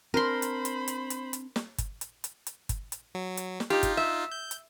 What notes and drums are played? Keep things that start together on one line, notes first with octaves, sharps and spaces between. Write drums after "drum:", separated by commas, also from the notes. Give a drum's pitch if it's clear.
C4 D4 A#4 C5 B5 C6
drum: hi-hat
drum: hi-hat
drum: hi-hat
drum: hi-hat
drum: hi-hat
drum: snare
drum: kick G1, hi-hat
drum: hi-hat
drum: hi-hat
drum: hi-hat
drum: kick G1, hi-hat
drum: hi-hat
F#3
drum: hi-hat
drum: snare
D#4 F4 G4
drum: kick G1, hi-hat
E5
G6
drum: hi-hat